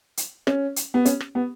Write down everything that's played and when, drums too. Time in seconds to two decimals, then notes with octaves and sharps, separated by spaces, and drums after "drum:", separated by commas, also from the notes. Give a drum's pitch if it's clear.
0.17 drum: hi-hat
0.47 C#4, drum: rim click
0.76 drum: hi-hat
0.94 B3
1.05 C#4, drum: hi-hat
1.20 drum: rim click
1.35 B3